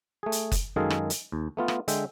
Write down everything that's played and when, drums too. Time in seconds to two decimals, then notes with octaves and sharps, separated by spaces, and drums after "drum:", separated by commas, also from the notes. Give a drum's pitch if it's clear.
0.23 A3 G#4
0.32 drum: hi-hat
0.52 drum: kick F#1, hi-hat
0.76 F#2 D#3 G#3 G#4 A4 F5
0.90 drum: rim click
1.10 drum: hi-hat
1.32 D#2
1.57 A3 B3 F4
1.68 drum: rim click
1.88 D3 G#3 E5 G5, drum: hi-hat